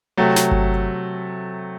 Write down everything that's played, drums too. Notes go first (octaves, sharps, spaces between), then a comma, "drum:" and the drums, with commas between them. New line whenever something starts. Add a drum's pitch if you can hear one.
C3 F#3 A3
drum: snare
drum: kick G1